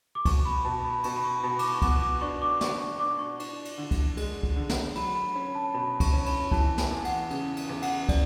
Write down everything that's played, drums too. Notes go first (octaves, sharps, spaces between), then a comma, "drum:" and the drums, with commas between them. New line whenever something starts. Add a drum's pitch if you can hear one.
D6
B2 C#6, drum: kick, cymbal
B5
B2 A5
B5
B2 C#6, drum: cymbal
B5
C#6
B2 B5
D6, drum: cymbal
C#6
C#6
B3 D6, drum: kick, cymbal
D6
D4 C#6
D6
D4 C#6, drum: snare
C#6
D4 D6
C#6
D4, drum: cymbal
drum: cymbal
D3
drum: kick, cymbal
G#3, drum: cymbal
drum: kick
D3
drum: snare
F#3 B5, drum: cymbal
B5
C#4 B5
A5
B2 B5
C#6, drum: kick, cymbal
C#4
B5, drum: cymbal
E3 A5, drum: kick
G#5, drum: snare
E2
F#5, drum: cymbal
C#3, drum: cymbal
drum: cymbal
E2
F#5, drum: cymbal
D5, drum: kick, cymbal